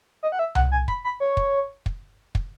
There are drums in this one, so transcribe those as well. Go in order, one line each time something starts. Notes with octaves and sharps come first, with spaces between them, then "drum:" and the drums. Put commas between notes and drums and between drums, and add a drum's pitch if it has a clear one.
D#5
F#5
E5
F#5, drum: tom C2
G#5
B5, drum: kick
B5
C#5
drum: kick
drum: kick
drum: kick